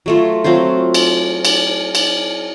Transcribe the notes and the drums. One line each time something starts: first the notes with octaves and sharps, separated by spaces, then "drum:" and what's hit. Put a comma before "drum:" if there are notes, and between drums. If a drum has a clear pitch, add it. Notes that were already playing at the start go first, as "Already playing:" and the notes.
F#3 A3 F4
F#3 C4 F4 C5
drum: cymbal
drum: cymbal
drum: cymbal